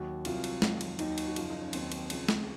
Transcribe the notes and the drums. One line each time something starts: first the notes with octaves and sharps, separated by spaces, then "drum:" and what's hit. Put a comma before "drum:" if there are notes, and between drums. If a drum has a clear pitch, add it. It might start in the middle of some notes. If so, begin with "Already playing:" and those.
Already playing: D#2 D#3 F#3 F#4
C2 C3 F#3 F4, drum: cymbal
drum: cymbal
F2 D#3 F#3, drum: snare
drum: cymbal
D#2 D#3 F#3 D#4, drum: cymbal
drum: cymbal
F#4
F#2 C#3 F3 F4, drum: cymbal
D#4
C#4
D#2 D#3 F#3 C4, drum: cymbal
drum: cymbal
C#2 C#3 F3, drum: cymbal
drum: snare